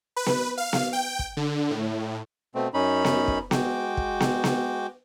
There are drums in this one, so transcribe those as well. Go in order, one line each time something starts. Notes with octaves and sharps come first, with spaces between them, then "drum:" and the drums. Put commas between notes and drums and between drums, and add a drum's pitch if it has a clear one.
B4
drum: snare B3
F5
drum: snare B3
G5
drum: kick
D3
A2
B2 A3 C4
F#2 C#4 D#4 B5
drum: snare B3
drum: kick
G#3 F#4 G5 D6, drum: snare B3
drum: kick
drum: snare B3
drum: snare B3